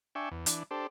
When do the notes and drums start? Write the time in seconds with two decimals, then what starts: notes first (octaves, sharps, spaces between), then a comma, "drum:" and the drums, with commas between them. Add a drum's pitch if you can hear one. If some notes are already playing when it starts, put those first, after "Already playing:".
0.15 D4 E5 G5 G#5 C#6
0.31 E2
0.46 E3 D4, drum: hi-hat
0.71 D4 G4 A4 C5